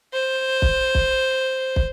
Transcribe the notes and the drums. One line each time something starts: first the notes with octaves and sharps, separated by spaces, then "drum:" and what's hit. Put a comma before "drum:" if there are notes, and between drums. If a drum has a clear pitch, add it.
C5
drum: kick
drum: kick
drum: kick